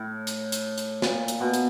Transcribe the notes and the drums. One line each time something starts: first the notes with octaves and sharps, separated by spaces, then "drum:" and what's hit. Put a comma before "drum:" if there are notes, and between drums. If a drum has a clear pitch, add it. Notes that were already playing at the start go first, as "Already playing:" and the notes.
Already playing: A2
drum: hi-hat
drum: hi-hat
drum: hi-hat
A#2, drum: snare
drum: hi-hat
B2
drum: hi-hat